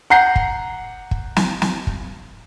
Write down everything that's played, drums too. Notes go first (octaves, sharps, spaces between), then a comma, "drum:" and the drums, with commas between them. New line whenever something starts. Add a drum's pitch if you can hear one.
F#5 A#5 G6 C7
drum: kick
drum: kick
drum: snare
drum: snare
drum: kick